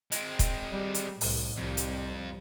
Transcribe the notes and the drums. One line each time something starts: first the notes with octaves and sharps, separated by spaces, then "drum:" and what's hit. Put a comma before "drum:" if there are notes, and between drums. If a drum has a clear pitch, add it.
G#3 C4, drum: hi-hat
drum: kick, hi-hat
G3
drum: hi-hat
C2 A2, drum: open hi-hat
C2 F2 G3
drum: hi-hat